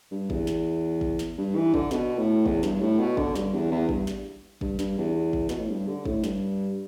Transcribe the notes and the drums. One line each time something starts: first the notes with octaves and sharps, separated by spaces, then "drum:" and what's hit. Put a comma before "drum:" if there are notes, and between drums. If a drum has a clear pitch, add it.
G2
E2, drum: kick
drum: snare
drum: kick
drum: snare
G2
E3
D3, drum: kick
B2, drum: snare
A2
E2, drum: kick
G2, drum: snare
A2
B2
D3, drum: kick
G2, drum: snare
E2
E2
G2, drum: kick
drum: snare
G2, drum: kick
G2, drum: snare
E2
drum: kick
B2, drum: snare
A2
G2
D3
A2, drum: kick
G2, drum: snare